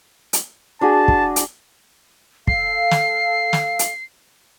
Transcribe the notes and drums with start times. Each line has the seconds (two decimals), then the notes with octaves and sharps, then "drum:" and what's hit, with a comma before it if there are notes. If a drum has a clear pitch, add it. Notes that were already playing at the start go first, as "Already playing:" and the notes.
0.33 drum: hi-hat
0.81 D4 F#4 G#4 A5
1.08 drum: kick
1.36 drum: hi-hat
2.47 A4 F5 C7, drum: kick
2.91 drum: snare
3.53 drum: snare
3.79 drum: hi-hat